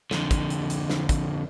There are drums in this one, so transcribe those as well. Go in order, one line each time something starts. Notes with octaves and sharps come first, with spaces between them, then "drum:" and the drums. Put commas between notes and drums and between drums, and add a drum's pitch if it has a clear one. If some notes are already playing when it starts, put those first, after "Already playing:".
F2 D3, drum: snare
drum: kick, hi-hat
drum: hi-hat
drum: hi-hat
drum: snare
drum: kick, hi-hat